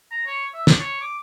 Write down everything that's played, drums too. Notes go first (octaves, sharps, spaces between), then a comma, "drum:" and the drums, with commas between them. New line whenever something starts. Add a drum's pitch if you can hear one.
A#5
C#5
E5
D4, drum: snare
C#5
D6